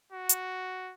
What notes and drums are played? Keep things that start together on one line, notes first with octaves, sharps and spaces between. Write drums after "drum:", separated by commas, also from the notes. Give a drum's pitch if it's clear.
F#4
drum: hi-hat